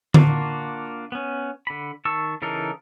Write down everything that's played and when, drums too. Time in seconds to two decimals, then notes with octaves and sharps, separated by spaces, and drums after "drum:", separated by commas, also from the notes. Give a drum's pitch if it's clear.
0.14 A#3 D4 F4 F#4, drum: tom D3
1.12 B3 C#4
1.67 D3 B5
2.05 D#3 A5 C#6 E6
2.42 C#3 E3 D#4 A4 A#4